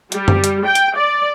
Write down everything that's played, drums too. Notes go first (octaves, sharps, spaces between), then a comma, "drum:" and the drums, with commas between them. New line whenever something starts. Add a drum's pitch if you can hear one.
G3, drum: hi-hat
drum: tom F#2
drum: hi-hat
G5
drum: hi-hat
D5